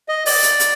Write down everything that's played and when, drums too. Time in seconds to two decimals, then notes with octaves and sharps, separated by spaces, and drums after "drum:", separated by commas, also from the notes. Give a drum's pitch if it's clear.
0.09 D#5
0.26 D5, drum: open hi-hat
0.43 drum: hi-hat
0.60 drum: hi-hat